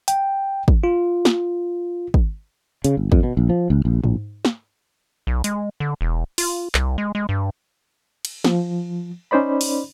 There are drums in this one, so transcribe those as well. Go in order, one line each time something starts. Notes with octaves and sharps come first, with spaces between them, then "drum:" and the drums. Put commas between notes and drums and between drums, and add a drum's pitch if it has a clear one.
G5, drum: hi-hat
drum: kick
F4
drum: snare
drum: kick
C#3, drum: hi-hat
G1
F2, drum: kick
B2
A#1
F3
C#2
A#1
A#1, drum: tom G#2
drum: snare
B1
G#3, drum: hi-hat
D3
E1
F4, drum: open hi-hat
C2, drum: clap
G#3
G#3
G2
drum: cymbal
F3, drum: snare
C#4 D#4 C5 D5 B5
drum: open hi-hat